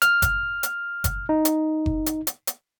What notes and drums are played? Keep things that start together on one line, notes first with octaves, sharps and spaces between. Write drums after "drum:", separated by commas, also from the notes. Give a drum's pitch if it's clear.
F6, drum: hi-hat
drum: kick F#1, hi-hat
drum: hi-hat
drum: kick F#1, hi-hat
D#4
drum: hi-hat
drum: kick F#1
drum: hi-hat
drum: hi-hat
drum: hi-hat